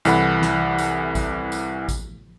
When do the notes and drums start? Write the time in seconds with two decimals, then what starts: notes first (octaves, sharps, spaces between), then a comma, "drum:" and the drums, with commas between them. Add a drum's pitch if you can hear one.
0.05 C2 E3 A4 F#5 B5, drum: tambourine
0.42 drum: snare
0.78 drum: tambourine
1.15 drum: kick A1, tambourine
1.52 drum: tambourine
1.89 drum: kick A1, tambourine